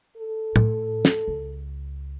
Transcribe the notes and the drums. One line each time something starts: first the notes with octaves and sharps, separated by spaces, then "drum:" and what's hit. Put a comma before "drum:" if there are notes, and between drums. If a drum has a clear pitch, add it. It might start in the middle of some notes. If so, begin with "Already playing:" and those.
A4
A2, drum: tom
drum: snare
C#2